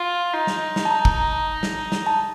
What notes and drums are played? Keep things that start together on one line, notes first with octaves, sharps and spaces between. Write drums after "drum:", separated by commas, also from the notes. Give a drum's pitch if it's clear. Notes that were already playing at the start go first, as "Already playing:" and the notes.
Already playing: F4
D#4
drum: snare
drum: snare
A5
A#5
drum: kick
drum: snare
drum: snare
A5